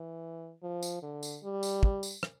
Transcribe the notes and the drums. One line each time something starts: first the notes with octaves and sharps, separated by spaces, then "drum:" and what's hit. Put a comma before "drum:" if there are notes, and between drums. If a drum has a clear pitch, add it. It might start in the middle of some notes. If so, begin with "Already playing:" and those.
Already playing: E3
F3
drum: tambourine
D3
drum: tambourine
G3
drum: tambourine
drum: kick
drum: tambourine
drum: rim click